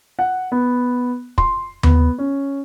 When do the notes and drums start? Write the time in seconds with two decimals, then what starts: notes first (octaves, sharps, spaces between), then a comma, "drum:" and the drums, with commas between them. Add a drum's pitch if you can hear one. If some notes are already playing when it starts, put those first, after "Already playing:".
0.19 F#5
0.52 B3
1.38 C6, drum: kick
1.83 B3, drum: tom D#2
2.18 C#4